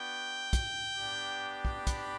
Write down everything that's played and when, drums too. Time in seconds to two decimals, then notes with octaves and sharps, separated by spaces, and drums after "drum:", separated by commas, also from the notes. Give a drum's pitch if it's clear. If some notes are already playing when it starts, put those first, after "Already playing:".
Already playing: B3 D4 F#4 G5
0.53 drum: kick, hi-hat
0.98 B3 D4 G4
1.65 drum: kick
1.87 B5, drum: kick, hi-hat